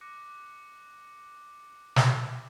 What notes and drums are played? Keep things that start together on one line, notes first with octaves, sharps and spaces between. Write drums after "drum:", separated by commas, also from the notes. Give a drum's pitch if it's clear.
D6 F#6 A#6 C#7
drum: snare